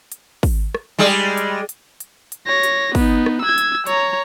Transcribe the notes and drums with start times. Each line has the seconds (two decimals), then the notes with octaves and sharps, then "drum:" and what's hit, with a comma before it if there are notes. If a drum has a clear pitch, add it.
0.12 drum: hi-hat
0.43 drum: kick, open hi-hat
0.75 drum: rim click
0.99 G3 G#3 G#4
1.37 drum: hi-hat
1.69 drum: hi-hat
2.00 drum: hi-hat
2.32 drum: hi-hat
2.47 C#5 A#6
2.63 drum: hi-hat
2.95 B3 D#4, drum: kick, open hi-hat
3.26 drum: rim click
3.41 E6 G#6
3.58 drum: hi-hat
3.87 C#5 A#5, drum: hi-hat